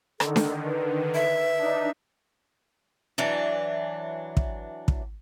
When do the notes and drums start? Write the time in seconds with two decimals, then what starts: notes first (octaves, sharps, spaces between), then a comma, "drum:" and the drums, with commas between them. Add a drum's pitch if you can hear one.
0.20 D3 D#3 A4, drum: rim click
0.36 drum: snare D4
0.65 B4
1.15 E5
1.59 D4 D#4
3.18 E3 F#3 D4
4.37 drum: kick
4.88 drum: kick